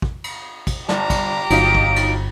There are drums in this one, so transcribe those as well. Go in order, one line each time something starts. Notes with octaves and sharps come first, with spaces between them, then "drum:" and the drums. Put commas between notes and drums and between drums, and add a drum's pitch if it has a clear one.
drum: kick
drum: cymbal
drum: kick, cymbal
G1 G4 D5 A5 A#5, drum: snare
drum: kick, cymbal
G1 F#3 D#4 F4 D7, drum: cymbal
drum: kick
drum: cymbal